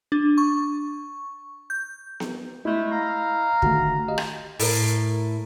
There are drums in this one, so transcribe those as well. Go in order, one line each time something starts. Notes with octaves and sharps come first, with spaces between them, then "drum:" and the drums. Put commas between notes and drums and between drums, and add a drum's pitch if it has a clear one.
D4
C#6
G6
drum: snare B3
G#3 A3 E4 D#5 G6
F5 A#5
D3 D#3 A3 F#4, drum: kick
G4 D#5 F5
drum: rim click
A2 A#4, drum: open hi-hat